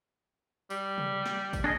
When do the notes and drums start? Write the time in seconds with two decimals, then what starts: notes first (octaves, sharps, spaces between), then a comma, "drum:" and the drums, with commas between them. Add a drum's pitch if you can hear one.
0.70 G3, drum: tambourine
0.98 drum: tom C3
1.26 drum: snare
1.53 drum: kick G#1, tambourine
1.64 D4 G#4 D#5